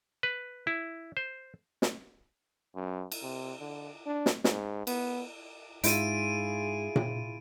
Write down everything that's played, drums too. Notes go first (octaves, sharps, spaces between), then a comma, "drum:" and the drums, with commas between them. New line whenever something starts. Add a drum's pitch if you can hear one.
B4
E4
C5
drum: snare
F#2
drum: cymbal
C3
D3
D4
drum: snare
G#2, drum: snare
B3, drum: cymbal
G#2 E4 F4 G#4 D7 D#7, drum: hi-hat
drum: tom A#2